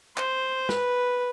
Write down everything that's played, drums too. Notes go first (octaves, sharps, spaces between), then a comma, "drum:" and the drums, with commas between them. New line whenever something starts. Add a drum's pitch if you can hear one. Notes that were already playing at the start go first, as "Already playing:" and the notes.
C5, drum: clap
B4, drum: snare